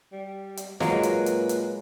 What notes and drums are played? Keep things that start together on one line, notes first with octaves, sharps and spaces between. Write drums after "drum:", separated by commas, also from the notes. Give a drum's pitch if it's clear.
G3
drum: hi-hat
A#2 F#3 G#3 A#3 B4, drum: snare
drum: hi-hat
drum: hi-hat
drum: hi-hat